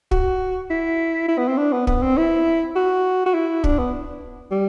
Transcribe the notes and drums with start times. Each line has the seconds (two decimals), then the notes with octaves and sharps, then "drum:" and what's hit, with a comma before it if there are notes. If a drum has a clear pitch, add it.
0.11 F#4, drum: kick
0.70 E4
1.28 E4
1.38 B3
1.48 C4
1.58 D4
1.73 B3
1.87 B3, drum: kick
2.03 C4
2.17 E4
2.76 F#4
3.26 F#4
3.34 E4
3.64 D4, drum: kick
3.79 B3
4.51 G3